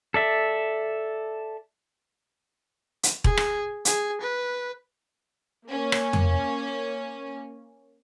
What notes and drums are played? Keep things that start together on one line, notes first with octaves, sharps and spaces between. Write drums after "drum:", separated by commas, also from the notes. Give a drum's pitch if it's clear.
A4 D5 E5
drum: hi-hat
G#4, drum: kick E1
drum: rim click
G#4, drum: hi-hat
B4
A#3 C#4
drum: rim click
drum: tom